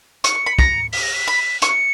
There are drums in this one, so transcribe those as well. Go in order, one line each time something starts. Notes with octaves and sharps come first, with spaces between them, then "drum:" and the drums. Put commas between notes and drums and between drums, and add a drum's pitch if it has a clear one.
C#6 C#7, drum: hi-hat
C#6
B5
A#5, drum: kick
B6, drum: open hi-hat
A#6
B6
B5
C#6 C#7, drum: hi-hat